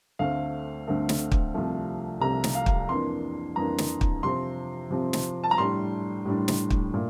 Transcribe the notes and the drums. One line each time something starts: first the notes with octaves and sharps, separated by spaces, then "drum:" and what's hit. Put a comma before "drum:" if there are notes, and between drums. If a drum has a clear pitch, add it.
D2 D3 A3 C4 F5
D2 D3 A3 C4
drum: snare
drum: kick
C2 C3 F3 A3
C2 C3 F3 A3 A#5
drum: snare
F5
drum: kick
F2 E3 A#3 D4 C6
F2 E3 A#3 D4 A#5
drum: snare
drum: kick
C3 F3 C4 C6
C3 F3 C4
drum: snare
A5
A#5
A2 G3 D4 C6
A2 G3 D4
drum: snare
drum: kick
A#2 A3